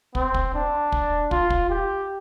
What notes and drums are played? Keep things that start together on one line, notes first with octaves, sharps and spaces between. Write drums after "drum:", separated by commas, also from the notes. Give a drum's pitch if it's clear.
C4, drum: kick
drum: kick
D4
drum: kick
F4, drum: kick
drum: kick
G4